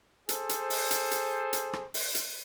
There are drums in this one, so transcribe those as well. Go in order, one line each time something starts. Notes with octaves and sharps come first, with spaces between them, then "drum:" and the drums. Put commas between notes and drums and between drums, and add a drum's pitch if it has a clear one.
G#4 A4 C5, drum: hi-hat
drum: hi-hat
drum: open hi-hat
drum: hi-hat
drum: hi-hat
drum: hi-hat
drum: rim click
drum: open hi-hat
drum: hi-hat